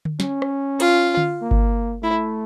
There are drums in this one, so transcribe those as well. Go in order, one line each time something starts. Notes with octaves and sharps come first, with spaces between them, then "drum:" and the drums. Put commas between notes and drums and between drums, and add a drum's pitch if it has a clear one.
drum: tom D3
C#4, drum: snare
drum: rim click
F4, drum: cymbal
drum: tom D3
A#3
drum: kick G1
A3 E4